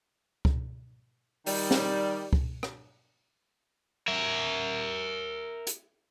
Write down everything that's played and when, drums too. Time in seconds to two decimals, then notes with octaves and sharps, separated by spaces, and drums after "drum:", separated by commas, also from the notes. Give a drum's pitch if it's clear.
0.45 drum: kick C#2
1.46 D#3 G3, drum: open hi-hat
1.71 drum: snare
2.33 drum: kick C#2
2.63 drum: rim click
4.08 A#4 E5
5.67 drum: hi-hat